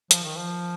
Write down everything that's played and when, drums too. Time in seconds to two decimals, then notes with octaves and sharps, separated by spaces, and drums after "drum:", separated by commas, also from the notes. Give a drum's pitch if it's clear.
0.11 F3, drum: hi-hat
0.24 D#3
0.36 F3